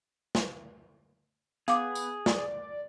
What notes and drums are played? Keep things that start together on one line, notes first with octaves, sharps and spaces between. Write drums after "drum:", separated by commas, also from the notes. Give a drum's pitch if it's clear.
drum: snare
B3 G#4 F5 D6, drum: hi-hat
drum: tambourine
D5, drum: snare